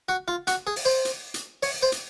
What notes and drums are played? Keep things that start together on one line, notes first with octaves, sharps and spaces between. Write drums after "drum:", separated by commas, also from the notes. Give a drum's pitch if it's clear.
F#4
F4
F#4, drum: hi-hat
G#4
drum: open hi-hat
C5
drum: hi-hat
drum: hi-hat
C#5, drum: open hi-hat
C5
drum: hi-hat